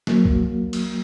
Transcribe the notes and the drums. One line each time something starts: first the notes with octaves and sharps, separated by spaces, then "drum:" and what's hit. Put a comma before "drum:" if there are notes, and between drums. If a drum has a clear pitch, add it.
F#3 A#3, drum: snare
drum: kick B1
drum: cymbal